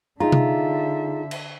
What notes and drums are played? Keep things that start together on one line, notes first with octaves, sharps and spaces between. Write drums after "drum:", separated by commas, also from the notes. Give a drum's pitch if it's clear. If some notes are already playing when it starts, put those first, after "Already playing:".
D3 D#4 F4 G#4 E5 A#5
drum: tom C3
drum: cymbal